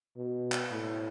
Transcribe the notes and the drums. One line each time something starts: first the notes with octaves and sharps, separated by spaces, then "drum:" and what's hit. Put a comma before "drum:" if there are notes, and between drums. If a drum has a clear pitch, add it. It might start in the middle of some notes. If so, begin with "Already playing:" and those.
B2
drum: clap
A2